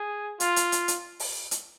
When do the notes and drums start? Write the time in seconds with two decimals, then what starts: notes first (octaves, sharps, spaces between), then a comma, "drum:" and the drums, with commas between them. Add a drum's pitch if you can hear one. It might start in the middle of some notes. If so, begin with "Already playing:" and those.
Already playing: G#4
0.40 F4, drum: hi-hat
0.56 drum: hi-hat
0.72 drum: hi-hat
0.88 drum: hi-hat
1.20 drum: open hi-hat
1.51 drum: hi-hat